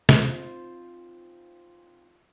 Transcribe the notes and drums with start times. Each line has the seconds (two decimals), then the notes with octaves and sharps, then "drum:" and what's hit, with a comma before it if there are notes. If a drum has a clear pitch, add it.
0.09 C4 D#4 F4 C5, drum: snare